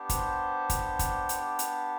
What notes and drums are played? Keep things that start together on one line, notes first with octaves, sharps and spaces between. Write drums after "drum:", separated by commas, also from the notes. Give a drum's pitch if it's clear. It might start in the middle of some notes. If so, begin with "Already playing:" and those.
Already playing: B3 D4 G4
C5, drum: kick, hi-hat
drum: kick, hi-hat
drum: kick, hi-hat
drum: hi-hat
drum: hi-hat